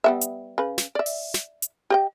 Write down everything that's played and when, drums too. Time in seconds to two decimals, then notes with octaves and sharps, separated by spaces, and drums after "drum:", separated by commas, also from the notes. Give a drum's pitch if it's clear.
0.04 G3 B3 E5
0.21 drum: hi-hat
0.58 C#3 B4
0.78 drum: snare
0.95 D5 E5
1.06 drum: open hi-hat
1.34 drum: snare
1.62 drum: hi-hat
1.90 G4 D#5 G5